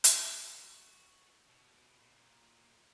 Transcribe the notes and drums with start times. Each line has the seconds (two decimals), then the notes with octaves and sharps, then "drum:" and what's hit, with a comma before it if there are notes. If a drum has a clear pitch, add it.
0.04 A#4, drum: hi-hat
0.59 F#4
1.49 B2
2.00 A#2